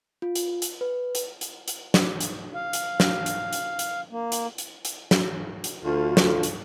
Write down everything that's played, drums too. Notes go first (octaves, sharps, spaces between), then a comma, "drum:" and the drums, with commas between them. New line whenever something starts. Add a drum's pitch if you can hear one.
F4
drum: hi-hat
drum: hi-hat
B4
drum: hi-hat
drum: hi-hat
drum: hi-hat
drum: snare
drum: hi-hat
F5
drum: hi-hat
drum: snare
drum: hi-hat
drum: hi-hat
drum: hi-hat
A#3
drum: hi-hat
drum: hi-hat
drum: hi-hat
drum: snare
drum: hi-hat
D2 F4
drum: snare
drum: hi-hat